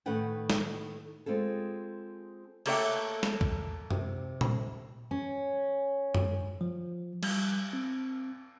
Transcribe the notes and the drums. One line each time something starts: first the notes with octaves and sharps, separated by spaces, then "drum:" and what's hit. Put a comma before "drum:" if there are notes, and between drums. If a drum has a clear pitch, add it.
A2 D#3 A4 B4 F#5 G5
drum: snare
G#3 C4 F4 G#4 A4
A3 A#3 A4 C#5 E5 G5, drum: cymbal
drum: snare
drum: kick
C3, drum: tom F#2
drum: tom A#2
C#4
drum: tom F#2
F3
G3, drum: cymbal
C4